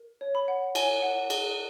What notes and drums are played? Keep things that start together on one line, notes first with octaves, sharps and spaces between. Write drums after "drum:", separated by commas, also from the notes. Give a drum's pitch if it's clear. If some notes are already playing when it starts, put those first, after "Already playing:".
Already playing: A#4
C#5
B5
F#5
C#5 G#5, drum: cymbal
F#5
G#4, drum: cymbal